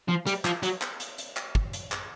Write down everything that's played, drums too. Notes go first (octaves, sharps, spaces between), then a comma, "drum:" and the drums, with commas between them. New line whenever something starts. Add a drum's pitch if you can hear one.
F3
G3, drum: hi-hat
F3, drum: clap
F#3, drum: hi-hat
drum: clap
drum: hi-hat
drum: hi-hat
drum: clap
drum: kick
drum: hi-hat
drum: clap